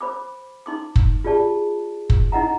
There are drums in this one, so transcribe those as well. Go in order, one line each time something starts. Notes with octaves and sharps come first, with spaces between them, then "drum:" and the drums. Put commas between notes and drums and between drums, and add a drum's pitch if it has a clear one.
C5 B5 D6
D#4 C6 D6
drum: kick
F4 G4 G#4 D5 A5
drum: kick
D#4 E4 D#5 F#5 A#5